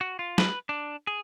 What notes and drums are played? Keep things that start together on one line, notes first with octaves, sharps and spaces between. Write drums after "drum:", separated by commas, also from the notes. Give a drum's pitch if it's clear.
F#4
F4
B4, drum: snare
D4
G#4